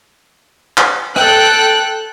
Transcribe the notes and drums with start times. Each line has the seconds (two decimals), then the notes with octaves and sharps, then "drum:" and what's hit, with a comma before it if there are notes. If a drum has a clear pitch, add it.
0.77 drum: clap
1.16 A4 G5 F#6, drum: rim click